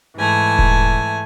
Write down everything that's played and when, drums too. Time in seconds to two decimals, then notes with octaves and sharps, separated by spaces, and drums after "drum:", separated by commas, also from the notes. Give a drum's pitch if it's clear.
0.16 G#2 E3 A3 G#5
0.59 drum: kick D#1